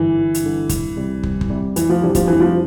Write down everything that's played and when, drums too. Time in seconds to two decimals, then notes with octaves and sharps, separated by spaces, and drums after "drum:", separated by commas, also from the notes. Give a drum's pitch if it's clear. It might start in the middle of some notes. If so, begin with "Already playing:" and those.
Already playing: G1 G2 D3 E3
0.17 G1
0.34 drum: hi-hat
0.44 G2 D3
0.69 C2, drum: kick, hi-hat
0.97 C3 G3
1.23 C2, drum: kick
1.41 drum: kick
1.50 C3 G3
1.76 F2 E3, drum: hi-hat
1.89 F3
2.02 C3 E3 G3 D4 G4
2.15 F3, drum: kick, hi-hat
2.27 F2 E3
2.40 F3